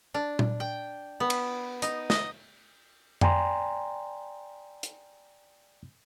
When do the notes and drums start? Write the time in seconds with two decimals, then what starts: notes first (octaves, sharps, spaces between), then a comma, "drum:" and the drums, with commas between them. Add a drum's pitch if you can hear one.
0.14 D4
0.39 drum: tom A#2
0.60 G5
1.20 B3
1.30 drum: cymbal
1.82 D#4, drum: hi-hat
2.10 D#5, drum: snare
3.21 D5 G5 G#5 A#5 C6, drum: tom F2
4.83 drum: hi-hat